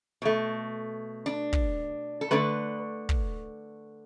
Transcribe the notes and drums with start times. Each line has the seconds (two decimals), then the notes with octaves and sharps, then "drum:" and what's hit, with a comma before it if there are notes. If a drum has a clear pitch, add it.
0.22 B2 A3
1.26 D4
1.53 drum: kick
2.21 A4
2.31 D3 A3 B4
3.09 drum: kick